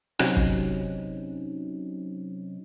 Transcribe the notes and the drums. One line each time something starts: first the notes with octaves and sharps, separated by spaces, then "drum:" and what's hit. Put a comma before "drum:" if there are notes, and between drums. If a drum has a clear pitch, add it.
C3 F#3 C4 C#4 D#4, drum: rim click
drum: kick